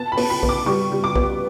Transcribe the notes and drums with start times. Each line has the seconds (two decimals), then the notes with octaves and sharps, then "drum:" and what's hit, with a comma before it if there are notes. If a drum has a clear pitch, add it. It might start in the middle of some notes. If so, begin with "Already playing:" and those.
Already playing: B3 A5
0.12 B5
0.17 B3, drum: open hi-hat
0.30 B5
0.43 B3, drum: kick B1
0.49 D6
0.66 G3 C#6
0.92 G3
1.04 D6
1.16 B3, drum: kick B1